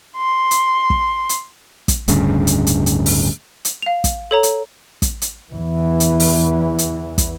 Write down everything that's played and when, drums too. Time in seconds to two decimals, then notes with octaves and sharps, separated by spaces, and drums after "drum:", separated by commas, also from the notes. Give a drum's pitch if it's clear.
0.17 C6
0.51 drum: hi-hat
0.90 drum: kick
1.29 drum: hi-hat
1.88 drum: kick, hi-hat
2.08 D1 D2 G2 C#3, drum: hi-hat
2.47 drum: hi-hat
2.67 drum: hi-hat
2.86 drum: hi-hat
3.06 drum: open hi-hat
3.65 drum: hi-hat
3.82 F5 F7
4.04 drum: kick, hi-hat
4.31 A4 C#5 A#5
4.43 drum: hi-hat
5.02 drum: kick, hi-hat
5.22 drum: hi-hat
5.52 E2 E3
6.00 drum: hi-hat
6.20 drum: open hi-hat
6.78 drum: hi-hat
7.18 drum: kick, hi-hat